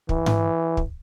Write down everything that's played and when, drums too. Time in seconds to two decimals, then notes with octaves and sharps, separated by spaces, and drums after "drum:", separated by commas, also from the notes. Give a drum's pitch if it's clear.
0.09 E3, drum: kick
0.26 drum: tom G#2
0.77 drum: kick